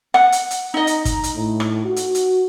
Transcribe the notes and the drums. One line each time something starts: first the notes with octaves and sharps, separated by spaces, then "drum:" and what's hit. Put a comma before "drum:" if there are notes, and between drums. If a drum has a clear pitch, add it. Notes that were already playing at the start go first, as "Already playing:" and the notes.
F#5, drum: rim click
drum: hi-hat
drum: hi-hat
D#4 D#5 A#5
drum: hi-hat
drum: kick, hi-hat
drum: hi-hat
A2
drum: rim click
F#4
drum: hi-hat
drum: hi-hat